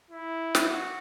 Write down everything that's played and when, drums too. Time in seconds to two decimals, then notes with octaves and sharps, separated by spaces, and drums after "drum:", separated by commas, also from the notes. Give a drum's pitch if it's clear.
0.11 E4
0.55 drum: snare
0.69 F#4